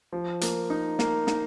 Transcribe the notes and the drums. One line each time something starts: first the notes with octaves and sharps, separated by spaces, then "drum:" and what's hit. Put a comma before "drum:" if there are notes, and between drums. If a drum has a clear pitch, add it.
F3
A#3, drum: hi-hat
D#4
A#3, drum: snare
D#4, drum: snare